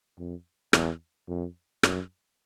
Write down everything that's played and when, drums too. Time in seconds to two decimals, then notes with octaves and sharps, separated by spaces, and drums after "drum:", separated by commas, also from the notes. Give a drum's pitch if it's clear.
0.18 F2
0.73 E2, drum: rim click
1.28 F2
1.83 F#2, drum: rim click